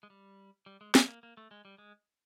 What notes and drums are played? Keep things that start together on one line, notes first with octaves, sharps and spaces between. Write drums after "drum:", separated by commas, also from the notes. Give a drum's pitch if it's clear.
G#3
G3
G3
G#3
F#3, drum: snare
A#3
A#3
A3
G#3
G3
G#3